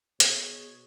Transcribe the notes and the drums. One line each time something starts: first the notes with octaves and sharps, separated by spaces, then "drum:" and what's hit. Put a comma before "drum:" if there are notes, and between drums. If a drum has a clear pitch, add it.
B2 G#4 C#5, drum: hi-hat